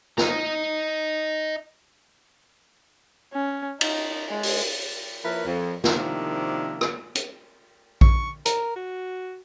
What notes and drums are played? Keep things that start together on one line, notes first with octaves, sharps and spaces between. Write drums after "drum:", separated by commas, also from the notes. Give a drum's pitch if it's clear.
D#5 A#5, drum: snare
C#4
D#4, drum: cymbal
G#3
drum: open hi-hat
F3 A#3 E4 A#4 B4 C#5
F2
C3 D#3 F3 A#3 D4 E4, drum: snare
drum: rim click
drum: hi-hat
C#6, drum: kick A#1
A#4, drum: hi-hat
F#4